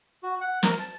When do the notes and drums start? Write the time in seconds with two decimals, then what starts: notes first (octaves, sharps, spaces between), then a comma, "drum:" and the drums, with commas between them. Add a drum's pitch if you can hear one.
0.23 F#4
0.41 F#5
0.63 A#4, drum: snare
0.79 A5